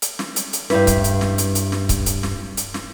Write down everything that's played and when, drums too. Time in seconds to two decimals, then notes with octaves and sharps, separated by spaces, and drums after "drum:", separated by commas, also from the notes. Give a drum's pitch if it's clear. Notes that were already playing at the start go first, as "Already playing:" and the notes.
0.02 drum: hi-hat
0.19 drum: snare
0.36 drum: hi-hat
0.53 drum: hi-hat
0.70 G2 E4 B4, drum: snare
0.87 drum: kick C#1, hi-hat
1.04 drum: hi-hat
1.21 drum: snare
1.38 drum: hi-hat
1.55 drum: hi-hat
1.72 drum: snare
1.89 drum: kick C#1, hi-hat
2.06 drum: hi-hat
2.23 drum: snare
2.57 drum: hi-hat
2.74 drum: snare